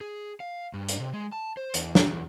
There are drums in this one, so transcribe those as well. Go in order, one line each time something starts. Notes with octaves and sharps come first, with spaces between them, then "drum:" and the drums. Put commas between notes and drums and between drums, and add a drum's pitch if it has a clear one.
G#4
F5
G2
drum: hi-hat
C3
G#3
A5
C5
E2, drum: hi-hat
drum: snare
E2